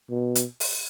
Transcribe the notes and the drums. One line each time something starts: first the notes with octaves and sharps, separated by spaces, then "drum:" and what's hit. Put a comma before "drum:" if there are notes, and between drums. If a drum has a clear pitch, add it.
B2
drum: hi-hat
drum: open hi-hat